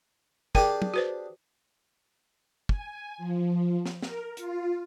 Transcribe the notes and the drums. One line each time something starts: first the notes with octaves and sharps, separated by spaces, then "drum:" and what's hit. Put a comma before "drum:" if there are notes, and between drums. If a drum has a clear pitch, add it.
D4 G4 G#4 A#4 G5, drum: kick
drum: tom
F#4 B4 C5
G#5, drum: kick
F3
drum: snare
A#4, drum: snare
F4, drum: hi-hat